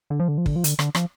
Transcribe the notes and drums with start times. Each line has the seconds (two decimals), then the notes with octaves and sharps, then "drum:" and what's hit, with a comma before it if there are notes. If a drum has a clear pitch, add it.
0.10 D3
0.19 F3
0.28 D3
0.38 F3
0.46 D3, drum: kick
0.56 F3
0.64 D3, drum: hi-hat
0.79 D3, drum: rim click
0.95 F3, drum: rim click